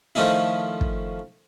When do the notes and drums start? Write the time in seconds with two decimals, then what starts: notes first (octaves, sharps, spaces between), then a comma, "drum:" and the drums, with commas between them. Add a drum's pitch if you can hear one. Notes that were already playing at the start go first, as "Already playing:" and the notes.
0.15 D#3 F3 A3 C#4 D#4 E4
0.81 drum: kick